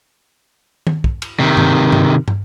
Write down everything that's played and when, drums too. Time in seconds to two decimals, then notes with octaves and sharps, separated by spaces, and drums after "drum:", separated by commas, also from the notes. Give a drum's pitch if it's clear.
0.87 drum: tom D#3
1.04 drum: kick
1.22 drum: cymbal
1.39 C3 D#3
1.57 drum: tom G2
1.92 drum: tom G2
2.28 drum: tom